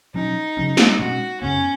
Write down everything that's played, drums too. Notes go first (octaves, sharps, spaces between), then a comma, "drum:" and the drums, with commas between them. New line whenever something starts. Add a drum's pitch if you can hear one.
B2 F#3 C#4 D#4
C#3 F#3 C#4
drum: snare
B2 G#3 C#4 F#4
F#2 C#3 B3 C#4